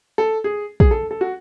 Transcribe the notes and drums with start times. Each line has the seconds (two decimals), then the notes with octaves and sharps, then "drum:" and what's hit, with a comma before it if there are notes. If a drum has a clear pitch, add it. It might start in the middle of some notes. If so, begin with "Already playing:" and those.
0.18 A4
0.44 G#4
0.80 G#4, drum: kick
0.91 A4
1.11 A4
1.21 F#4